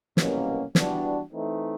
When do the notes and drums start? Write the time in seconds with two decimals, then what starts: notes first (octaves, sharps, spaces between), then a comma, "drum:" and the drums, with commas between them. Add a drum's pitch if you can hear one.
0.17 C2 B2 F#3 A#3 C#4, drum: snare
0.75 E3 G3 B3 D4 F#4, drum: snare
1.33 E3 A3 C4 D#4